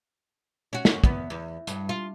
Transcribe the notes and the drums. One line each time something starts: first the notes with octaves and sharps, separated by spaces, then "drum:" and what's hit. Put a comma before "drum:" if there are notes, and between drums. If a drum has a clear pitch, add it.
C#4 F#4
drum: snare
E2 B3, drum: kick
E2
G2, drum: hi-hat
F4